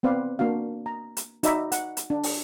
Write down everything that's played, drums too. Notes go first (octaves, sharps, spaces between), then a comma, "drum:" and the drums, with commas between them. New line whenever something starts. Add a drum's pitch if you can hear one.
B3 C4 B4 D5 F5
A#3 D4 F#4 F5
A#5
drum: hi-hat
D#4 F#4 D5 E5 A#5 B5, drum: hi-hat
F#5, drum: hi-hat
drum: hi-hat
D4
drum: open hi-hat